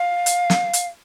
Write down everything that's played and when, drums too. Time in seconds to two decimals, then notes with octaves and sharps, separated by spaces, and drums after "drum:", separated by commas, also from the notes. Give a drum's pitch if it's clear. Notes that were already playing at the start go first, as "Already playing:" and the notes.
Already playing: F5
0.26 drum: hi-hat
0.50 drum: snare
0.73 drum: hi-hat